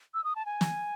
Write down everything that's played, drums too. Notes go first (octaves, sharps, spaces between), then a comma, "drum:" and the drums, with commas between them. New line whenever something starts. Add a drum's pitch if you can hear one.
E6
D#6
A5
G#5
drum: snare